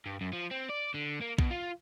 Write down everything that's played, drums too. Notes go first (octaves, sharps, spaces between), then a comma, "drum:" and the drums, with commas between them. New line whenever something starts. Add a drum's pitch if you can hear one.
G2
F#2
F3
C4
D5
D3
A#3
B2, drum: kick A#1
F4